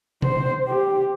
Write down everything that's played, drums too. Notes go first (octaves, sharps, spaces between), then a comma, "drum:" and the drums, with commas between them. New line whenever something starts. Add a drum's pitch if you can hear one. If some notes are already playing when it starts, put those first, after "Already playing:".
C5, drum: tom B2
G4